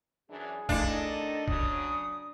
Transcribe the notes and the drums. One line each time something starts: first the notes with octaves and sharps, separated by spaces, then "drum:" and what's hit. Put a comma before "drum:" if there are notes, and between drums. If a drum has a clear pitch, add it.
F#2 E3 D4 G#4
D#3 A3 D4 E4 A4 D#5, drum: kick
C#3 F#3 D#6, drum: kick